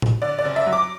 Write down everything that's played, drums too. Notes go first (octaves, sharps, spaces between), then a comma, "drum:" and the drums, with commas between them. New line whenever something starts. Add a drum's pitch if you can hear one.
drum: tom A2
D3 D5
D5
F#1
E5
F#3
D6